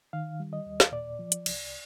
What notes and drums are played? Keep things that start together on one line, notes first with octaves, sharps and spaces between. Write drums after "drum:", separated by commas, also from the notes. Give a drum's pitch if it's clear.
D#3 F5
G3
D#5
D#2
drum: snare
A#2 D5
F3
drum: hi-hat
C2, drum: cymbal